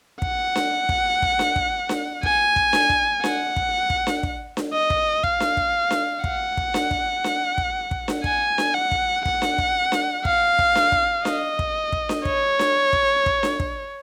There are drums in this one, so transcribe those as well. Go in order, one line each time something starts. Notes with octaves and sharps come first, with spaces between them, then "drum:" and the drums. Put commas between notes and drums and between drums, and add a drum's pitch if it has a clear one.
F#5, drum: kick
drum: snare D4
drum: kick
drum: kick
drum: snare D4
drum: kick
drum: snare D4
G#5, drum: kick
drum: kick
drum: snare D4
drum: kick
F#5, drum: snare D4
drum: kick
drum: kick
drum: snare D4
drum: kick
drum: snare D4
D#5
drum: kick
F5, drum: kick
drum: snare D4
drum: kick
drum: snare D4
F#5, drum: kick
drum: kick
drum: snare D4
drum: kick
drum: snare D4
drum: kick
drum: kick
drum: snare D4
G#5, drum: kick
drum: snare D4
F#5
drum: kick
F#5, drum: kick
drum: snare D4
drum: kick
drum: snare D4
F5, drum: kick
drum: kick
drum: snare D4
drum: kick
D#5, drum: snare D4
drum: kick
drum: kick
drum: snare D4
C#5, drum: kick
drum: snare D4
drum: kick
drum: kick
drum: snare D4
drum: kick